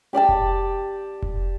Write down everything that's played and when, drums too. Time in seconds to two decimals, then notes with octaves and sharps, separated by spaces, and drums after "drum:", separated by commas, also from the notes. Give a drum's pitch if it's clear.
0.13 G4 D5 G5 A5
0.29 drum: kick F1
1.22 drum: kick F1